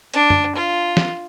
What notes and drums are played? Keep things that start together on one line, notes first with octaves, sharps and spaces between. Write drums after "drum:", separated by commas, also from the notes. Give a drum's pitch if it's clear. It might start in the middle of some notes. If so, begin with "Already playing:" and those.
D4, drum: hi-hat
drum: tom F#2
F4
drum: snare